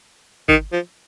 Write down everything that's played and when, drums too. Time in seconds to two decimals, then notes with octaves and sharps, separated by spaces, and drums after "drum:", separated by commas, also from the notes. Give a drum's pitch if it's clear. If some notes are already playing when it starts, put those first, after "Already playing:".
0.49 D#3, drum: kick
0.72 F3